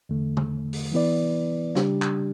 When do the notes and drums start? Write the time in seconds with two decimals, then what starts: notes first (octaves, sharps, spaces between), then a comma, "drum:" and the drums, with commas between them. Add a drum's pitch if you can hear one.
0.09 E2 D3 A3
0.37 drum: tom
0.73 drum: open hi-hat
0.92 E3 B3 E4 B4 D5
1.75 C#3 G3 D4 G4, drum: snare
2.02 drum: clap